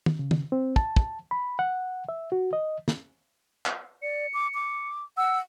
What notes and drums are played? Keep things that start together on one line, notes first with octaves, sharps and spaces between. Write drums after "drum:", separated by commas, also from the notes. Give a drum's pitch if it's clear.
drum: tom
C#3
drum: tom
C4
A5, drum: kick
drum: kick
B5
F#5
E5
F#4
D#5
drum: snare
drum: clap
D5 C#7
D6
D6
F#5 E6